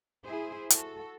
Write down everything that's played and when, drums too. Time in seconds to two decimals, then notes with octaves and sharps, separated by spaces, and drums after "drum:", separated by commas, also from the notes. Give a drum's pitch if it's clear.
0.24 E4 G#4 C5
0.70 F#4 A4, drum: hi-hat